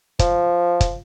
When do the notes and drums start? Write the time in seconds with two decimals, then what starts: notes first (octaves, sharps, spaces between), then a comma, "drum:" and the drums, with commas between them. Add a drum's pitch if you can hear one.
0.19 F3, drum: kick, hi-hat
0.81 drum: kick, hi-hat